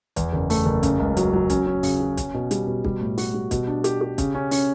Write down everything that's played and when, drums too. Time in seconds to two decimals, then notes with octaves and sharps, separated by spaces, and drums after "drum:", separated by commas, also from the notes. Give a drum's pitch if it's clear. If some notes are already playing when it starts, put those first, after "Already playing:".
0.16 E2, drum: kick, hi-hat
0.33 F#1
0.50 A3, drum: open hi-hat
0.66 F#1
0.83 C#3, drum: kick, hi-hat
1.00 C#2
1.17 F#3, drum: hi-hat
1.33 F#3
1.50 C#4, drum: kick, hi-hat
1.67 C#4
1.83 C#3, drum: open hi-hat
2.00 F#4
2.17 C#4, drum: kick, hi-hat
2.34 B2
2.51 G3, drum: hi-hat
2.67 B2
2.85 G3, drum: kick
3.01 A2
3.18 F#4, drum: open hi-hat
3.34 G3
3.51 B2, drum: kick, hi-hat
3.67 D4
3.84 G4, drum: hi-hat
4.01 G4
4.18 C#3, drum: kick, hi-hat
4.35 C#4
4.51 C#4, drum: open hi-hat